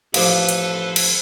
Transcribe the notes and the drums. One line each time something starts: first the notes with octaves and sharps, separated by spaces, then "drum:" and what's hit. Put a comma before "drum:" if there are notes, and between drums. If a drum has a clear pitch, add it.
A1 F3 A4 B4 C5 D5, drum: cymbal
drum: hi-hat
drum: cymbal